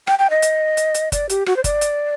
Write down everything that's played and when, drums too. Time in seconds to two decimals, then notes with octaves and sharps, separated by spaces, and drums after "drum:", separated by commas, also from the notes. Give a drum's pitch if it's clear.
0.07 G5, drum: rim click
0.19 G5
0.30 D#5
0.42 drum: hi-hat
0.77 drum: hi-hat
0.94 drum: hi-hat
1.12 D5, drum: kick G1, hi-hat
1.29 G4, drum: hi-hat
1.46 F#4, drum: rim click
1.56 C5
1.64 D5, drum: kick G1, hi-hat
1.81 drum: hi-hat